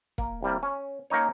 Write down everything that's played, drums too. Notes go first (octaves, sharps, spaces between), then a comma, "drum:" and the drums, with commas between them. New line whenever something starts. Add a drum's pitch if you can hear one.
A#3, drum: kick E1
C2 G3 A#3
C#4
A#3 C#4 D#4 C#5